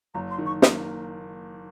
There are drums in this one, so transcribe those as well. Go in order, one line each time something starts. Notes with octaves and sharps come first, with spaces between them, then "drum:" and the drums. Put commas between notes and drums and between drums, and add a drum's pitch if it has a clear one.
F#1 A#5
C6
D#3
C#6
A#3 D#6, drum: snare